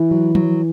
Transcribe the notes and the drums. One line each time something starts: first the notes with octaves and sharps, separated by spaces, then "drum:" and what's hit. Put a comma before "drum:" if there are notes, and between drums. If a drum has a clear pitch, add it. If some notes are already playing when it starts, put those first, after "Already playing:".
Already playing: E3 E4
F#3
F#3, drum: tom F3